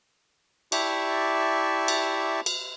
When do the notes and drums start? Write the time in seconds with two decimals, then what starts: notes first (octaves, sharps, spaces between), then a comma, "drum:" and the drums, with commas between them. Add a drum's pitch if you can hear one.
0.72 E4 G4 D5 E5 A5 C#6, drum: cymbal
1.88 drum: cymbal
2.46 drum: cymbal